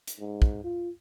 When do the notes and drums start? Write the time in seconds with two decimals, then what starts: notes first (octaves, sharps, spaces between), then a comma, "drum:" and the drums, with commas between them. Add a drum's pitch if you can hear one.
0.07 drum: hi-hat
0.20 G#2
0.42 drum: kick
0.64 F4